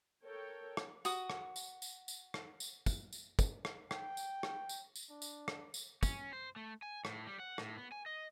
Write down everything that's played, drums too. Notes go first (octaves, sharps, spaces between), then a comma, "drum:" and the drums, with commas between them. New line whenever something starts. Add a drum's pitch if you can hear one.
A4 A#4 C#5 G5
drum: rim click
F#4 D#6, drum: tambourine
drum: rim click
drum: tambourine
drum: tambourine
drum: tambourine
drum: rim click
drum: tambourine
drum: kick, tambourine
drum: tambourine
drum: kick, tambourine
drum: rim click
G5, drum: rim click
drum: tambourine
drum: rim click
drum: tambourine
drum: tambourine
D4
drum: tambourine
drum: rim click
drum: tambourine
C#4, drum: kick, tambourine
C5
A3
G#5
A2, drum: rim click
G3
F#5
A2, drum: rim click
B3
G#5
D#5